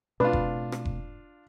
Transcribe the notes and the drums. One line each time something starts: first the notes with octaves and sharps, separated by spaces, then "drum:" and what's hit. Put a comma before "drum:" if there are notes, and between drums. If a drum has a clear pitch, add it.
B2 A3 C4 D4 F4 B4
drum: kick F1
drum: rim click
drum: kick F1